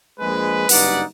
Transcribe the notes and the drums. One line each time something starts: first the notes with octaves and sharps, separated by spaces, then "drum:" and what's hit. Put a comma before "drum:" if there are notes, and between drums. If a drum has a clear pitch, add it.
A#1 G#3 B4
F#1 G2 D#4 B4 D5 F#5, drum: open hi-hat